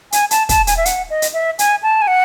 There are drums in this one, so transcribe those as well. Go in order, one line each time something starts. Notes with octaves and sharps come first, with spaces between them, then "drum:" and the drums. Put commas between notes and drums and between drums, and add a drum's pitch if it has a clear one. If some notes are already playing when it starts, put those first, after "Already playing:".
G#5, drum: hi-hat
A5, drum: hi-hat
A5, drum: kick, hi-hat
G#5, drum: hi-hat
E5
F#5, drum: hi-hat
D#5
drum: hi-hat
E5
G#5, drum: hi-hat
A5
G#5
F#5